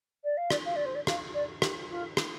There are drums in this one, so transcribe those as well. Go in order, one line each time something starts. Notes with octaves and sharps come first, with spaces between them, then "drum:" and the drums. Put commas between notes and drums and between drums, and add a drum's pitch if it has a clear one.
D5
F5
D5, drum: rim click
F5
D5
C5
D5
F5, drum: rim click
D5
G4, drum: rim click
F4
drum: rim click